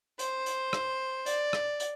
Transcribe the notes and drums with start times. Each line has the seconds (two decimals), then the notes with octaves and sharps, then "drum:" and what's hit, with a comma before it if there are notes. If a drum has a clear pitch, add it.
0.19 C5, drum: hi-hat
0.46 drum: hi-hat
0.73 drum: rim click
1.26 D5, drum: hi-hat
1.53 drum: rim click
1.80 drum: hi-hat